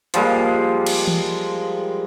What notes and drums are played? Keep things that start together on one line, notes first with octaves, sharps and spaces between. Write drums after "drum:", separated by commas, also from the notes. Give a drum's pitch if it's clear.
F3 G3 G#3 A#3, drum: hi-hat
drum: cymbal
drum: tom